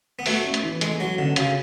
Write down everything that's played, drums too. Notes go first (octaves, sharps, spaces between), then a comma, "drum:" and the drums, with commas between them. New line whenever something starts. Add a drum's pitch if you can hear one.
B3
A3 F#4, drum: open hi-hat
C#4
drum: hi-hat
E3
G#3 A3, drum: hi-hat
F#3 F#4
D3 C#4
C#3 F#4, drum: hi-hat